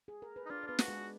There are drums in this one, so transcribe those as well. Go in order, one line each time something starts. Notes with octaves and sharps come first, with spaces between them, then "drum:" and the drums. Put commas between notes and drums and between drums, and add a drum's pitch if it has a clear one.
G#4
A#4
B4
D#4
D4 F4 D5
D5
B3 F4 B4
F#4, drum: snare
G#3 G#4